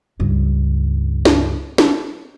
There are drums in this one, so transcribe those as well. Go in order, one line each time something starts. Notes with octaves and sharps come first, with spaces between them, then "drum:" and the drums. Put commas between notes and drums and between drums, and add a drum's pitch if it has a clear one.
C#2 G2
drum: snare
drum: snare